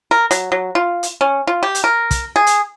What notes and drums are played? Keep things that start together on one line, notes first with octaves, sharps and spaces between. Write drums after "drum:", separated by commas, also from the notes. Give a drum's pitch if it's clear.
A#4
F#3, drum: hi-hat
F#3
F4
drum: hi-hat
C#4
F4
G4
drum: hi-hat
A#4
drum: kick, hi-hat
G#4
drum: hi-hat